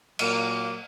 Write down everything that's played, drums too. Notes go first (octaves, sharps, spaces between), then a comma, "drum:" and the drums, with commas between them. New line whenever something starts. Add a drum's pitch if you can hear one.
A#2 F#3 A#3, drum: cymbal